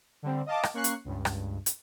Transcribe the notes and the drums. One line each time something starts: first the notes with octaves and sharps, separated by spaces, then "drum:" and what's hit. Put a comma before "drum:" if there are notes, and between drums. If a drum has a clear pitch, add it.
D3 G3 C4
D#5 F5 A5 D6
drum: rim click
A#3 C#4 C#6 F#6 C7
drum: hi-hat
C#2 G2
drum: rim click
drum: hi-hat